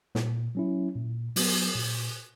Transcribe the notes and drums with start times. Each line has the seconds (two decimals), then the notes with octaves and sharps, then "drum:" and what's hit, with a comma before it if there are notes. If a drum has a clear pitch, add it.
0.15 A#2, drum: snare
0.55 F#3 C#4 E4
0.96 A#2
1.36 F#3 B3, drum: open hi-hat
1.76 A#2